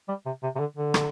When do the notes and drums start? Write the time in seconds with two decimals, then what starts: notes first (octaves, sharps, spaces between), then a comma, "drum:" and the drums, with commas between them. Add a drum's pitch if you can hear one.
0.08 G3
0.26 C3
0.43 C3
0.56 C3
0.60 D3
0.77 D3
0.94 drum: rim click